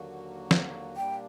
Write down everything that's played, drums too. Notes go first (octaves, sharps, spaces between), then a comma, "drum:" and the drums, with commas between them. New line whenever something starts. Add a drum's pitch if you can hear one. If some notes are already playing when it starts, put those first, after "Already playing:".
Already playing: D#2 D3 F#3 A#3 F#4
drum: snare
A#2 G3 A#3 D4 G5